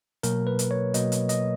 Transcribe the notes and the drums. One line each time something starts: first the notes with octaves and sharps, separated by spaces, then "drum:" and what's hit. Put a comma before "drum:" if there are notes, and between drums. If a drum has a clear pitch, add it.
B2 F#3 A#3 A#4, drum: hi-hat
B4
drum: hi-hat
C#5
B2 F#3 A#3 D#5, drum: hi-hat
drum: hi-hat
D#5, drum: hi-hat